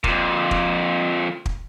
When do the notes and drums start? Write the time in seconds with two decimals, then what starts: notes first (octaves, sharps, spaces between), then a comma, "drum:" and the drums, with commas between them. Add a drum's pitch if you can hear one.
0.04 F2 A#2, drum: kick
0.51 drum: kick
1.46 drum: kick